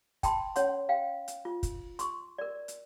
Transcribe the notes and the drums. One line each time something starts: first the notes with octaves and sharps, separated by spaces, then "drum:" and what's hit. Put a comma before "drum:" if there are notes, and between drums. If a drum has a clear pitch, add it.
G5 A5 B5 C6, drum: kick, hi-hat
C#4 C#5 F#5 C6, drum: hi-hat
F5 G5
drum: hi-hat
F4
drum: kick, hi-hat
C6 C#6, drum: hi-hat
A#4 D5
drum: hi-hat